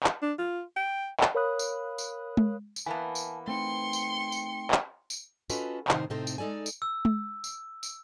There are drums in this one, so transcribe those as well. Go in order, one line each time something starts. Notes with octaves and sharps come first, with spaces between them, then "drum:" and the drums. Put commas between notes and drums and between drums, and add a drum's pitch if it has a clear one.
drum: clap
D4
F4
G5
drum: clap
A#4 C#5 F5 B5 D#6 F#6
drum: tambourine
drum: tambourine
drum: tom G#3
drum: tambourine
E3 A#3 B3 G#5 A5
drum: tambourine
A3 C4 D#4 G5 C6 C#7
drum: tambourine
drum: tambourine
drum: clap
drum: tambourine
C#4 F4 F#4 A4 B4 D#5, drum: tambourine
A2 C3 D#3 D#4 C5, drum: clap
A2 C3 C4 D#4 A4 C5
drum: tambourine
G#3 D#4 A4 D5 G#5
drum: tambourine
E6
drum: tom G#3
drum: tambourine
drum: tambourine